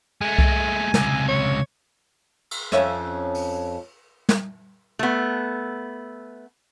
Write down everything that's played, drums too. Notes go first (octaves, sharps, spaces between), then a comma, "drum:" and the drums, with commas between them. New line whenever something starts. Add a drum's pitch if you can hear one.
G#3 A3 G#5
drum: kick C2
C#2 C3, drum: snare
C#5
drum: cymbal
F2 C#4 E5, drum: rim click
drum: open hi-hat
drum: snare
A3 B3